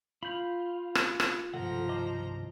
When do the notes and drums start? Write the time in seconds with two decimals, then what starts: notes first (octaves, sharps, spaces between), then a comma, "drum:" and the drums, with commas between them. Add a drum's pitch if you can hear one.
0.23 F4 B5 G6
0.95 drum: rim click
1.20 drum: rim click
1.54 G2 C3 D#3 F3 A4 F#5 A#5
1.89 D#5 A5 D6